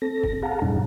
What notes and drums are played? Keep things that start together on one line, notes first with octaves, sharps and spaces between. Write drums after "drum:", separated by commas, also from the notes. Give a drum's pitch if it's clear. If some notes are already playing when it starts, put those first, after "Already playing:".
C4 A4 A#6
drum: kick
G#4 F5 F#5 A5 A#5
F2 G#2 B2 G3 C#4 D#4